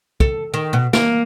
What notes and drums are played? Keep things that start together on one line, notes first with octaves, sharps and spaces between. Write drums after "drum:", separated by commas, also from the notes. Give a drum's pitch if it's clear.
A4, drum: kick
D#3
B2
A#3, drum: snare